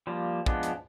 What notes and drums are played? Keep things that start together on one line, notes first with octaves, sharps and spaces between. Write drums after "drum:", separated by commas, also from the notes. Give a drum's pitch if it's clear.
F3 G3 A#3
F3 G#3 B3 D4, drum: kick
drum: hi-hat